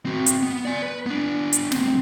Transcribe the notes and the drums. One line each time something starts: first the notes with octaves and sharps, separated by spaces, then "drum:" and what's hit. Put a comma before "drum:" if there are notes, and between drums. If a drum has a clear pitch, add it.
C4 F#4
drum: hi-hat
B3
D5 G#5
B4
B3 D4
drum: hi-hat
D2 C4, drum: snare